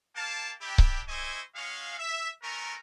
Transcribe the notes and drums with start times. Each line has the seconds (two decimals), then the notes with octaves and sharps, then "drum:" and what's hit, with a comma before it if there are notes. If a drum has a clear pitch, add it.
0.15 A#3 F5 G5 A5
0.61 G3 D4 E4 G4
0.78 drum: kick C#1
1.08 E4 C5 D#5 E5 G#5 C#6
1.55 G#3 C#4 F#4 F5
1.98 E5
2.43 A3 B3 C#4 A#4